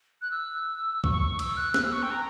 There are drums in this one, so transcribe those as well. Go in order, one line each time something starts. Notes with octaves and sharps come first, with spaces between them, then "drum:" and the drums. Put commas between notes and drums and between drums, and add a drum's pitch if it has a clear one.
F#6
E6
C#6, drum: kick
E6, drum: cymbal
F#6
F#6, drum: snare
E6
C#6
G5
A#5